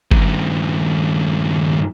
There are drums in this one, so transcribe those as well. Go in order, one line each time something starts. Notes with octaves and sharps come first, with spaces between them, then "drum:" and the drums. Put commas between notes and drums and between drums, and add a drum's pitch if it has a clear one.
G2 D#3, drum: kick G1